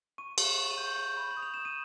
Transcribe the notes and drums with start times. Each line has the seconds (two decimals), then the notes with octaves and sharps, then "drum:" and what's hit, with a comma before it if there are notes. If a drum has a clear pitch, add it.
0.18 C#6 D#7
0.38 C#6, drum: cymbal
0.44 E7
0.58 C#6
0.71 D#7
0.78 G6
0.98 G6
1.17 B5
1.31 F#7
1.37 D#6
1.43 F7
1.54 D#6 E7
1.65 D#7